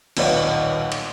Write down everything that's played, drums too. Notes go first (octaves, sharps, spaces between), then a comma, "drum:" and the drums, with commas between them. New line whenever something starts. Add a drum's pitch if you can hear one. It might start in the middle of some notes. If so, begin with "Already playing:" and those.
D#1 B1 B4 C#5 D5 F5, drum: cymbal
drum: cymbal